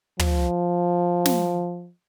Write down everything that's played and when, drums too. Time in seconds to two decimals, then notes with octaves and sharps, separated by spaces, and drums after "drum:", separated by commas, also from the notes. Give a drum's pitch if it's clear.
0.19 F3, drum: tom
1.26 drum: snare